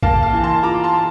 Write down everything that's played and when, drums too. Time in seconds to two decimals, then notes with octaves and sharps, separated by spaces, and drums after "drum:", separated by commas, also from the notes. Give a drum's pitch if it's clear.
0.03 A#3 F5 A5, drum: kick
0.23 F5 A5
0.33 E3
0.44 A5 C6
0.63 F4 A#5 D6
0.84 A5 C6